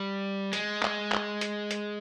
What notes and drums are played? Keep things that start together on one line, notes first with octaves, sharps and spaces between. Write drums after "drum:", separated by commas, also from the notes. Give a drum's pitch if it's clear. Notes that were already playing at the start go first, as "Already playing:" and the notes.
Already playing: G3
G#3, drum: hi-hat
drum: clap
drum: clap
drum: hi-hat
drum: hi-hat